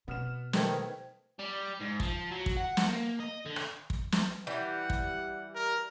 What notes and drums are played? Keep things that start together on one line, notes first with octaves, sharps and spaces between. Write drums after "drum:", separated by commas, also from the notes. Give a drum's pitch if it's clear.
B2 B3 F6 E7
D#3 G3 A3 B4 C5 G#6, drum: snare
G3
G#2
F3, drum: kick
F#3
drum: kick
F#5
drum: snare
A#3
D#5
D3
drum: rim click
drum: kick
drum: snare
E3 G3 F#5
drum: kick
A#4